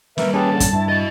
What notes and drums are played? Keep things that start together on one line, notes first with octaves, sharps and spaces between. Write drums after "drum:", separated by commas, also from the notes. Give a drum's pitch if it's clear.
G3 A#3 A#4 B4 E5, drum: snare
C#4 G4 G#4 B4 A5
D3
drum: kick, hi-hat
G2 E4
F#4 D#5 A6